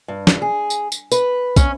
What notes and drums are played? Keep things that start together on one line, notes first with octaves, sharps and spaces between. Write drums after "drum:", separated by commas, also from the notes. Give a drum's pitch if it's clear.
G2
drum: snare
G#4
drum: tambourine
drum: tambourine
B4, drum: tambourine
C#4, drum: kick, tambourine